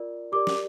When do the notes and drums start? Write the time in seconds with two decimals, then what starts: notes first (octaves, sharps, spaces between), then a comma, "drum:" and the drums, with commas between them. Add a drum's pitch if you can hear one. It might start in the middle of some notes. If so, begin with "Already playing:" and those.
Already playing: F4 A#4 D5
0.32 G4 A#4 D5 D6
0.47 drum: snare